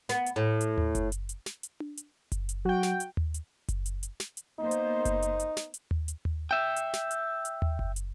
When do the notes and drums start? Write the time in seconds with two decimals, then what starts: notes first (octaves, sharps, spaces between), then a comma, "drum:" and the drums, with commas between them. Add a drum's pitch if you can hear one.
0.09 B3, drum: snare
0.26 drum: hi-hat
0.36 A2
0.61 drum: hi-hat
0.78 drum: tom D#2
0.95 drum: kick F#1, hi-hat
1.12 drum: hi-hat
1.29 drum: hi-hat
1.46 drum: snare
1.63 drum: hi-hat
1.80 drum: tom D4
1.97 drum: hi-hat
2.32 drum: kick F#1, hi-hat
2.49 drum: hi-hat
2.65 F#3 F#4 G5
2.83 drum: snare
3.00 drum: hi-hat
3.17 drum: tom D#2
3.34 drum: hi-hat
3.68 drum: kick F#1, hi-hat
3.86 drum: hi-hat
4.03 drum: hi-hat
4.20 drum: snare
4.37 drum: hi-hat
4.60 A#3 B3 D#4 C5
4.71 drum: hi-hat
5.05 drum: kick F#1, hi-hat
5.22 drum: hi-hat
5.40 drum: hi-hat
5.57 drum: snare
5.74 drum: hi-hat
5.91 drum: tom D#2
6.08 drum: hi-hat
6.25 drum: tom D#2
6.51 E5 G5
6.76 drum: hi-hat
6.93 drum: snare
7.11 drum: hi-hat
7.45 drum: hi-hat
7.62 drum: tom D#2
7.79 drum: kick F#1
7.96 drum: hi-hat